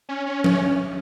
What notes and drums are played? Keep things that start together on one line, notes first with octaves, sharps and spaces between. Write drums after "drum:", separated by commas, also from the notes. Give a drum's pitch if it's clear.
C#4
C#4
C#4, drum: tom F3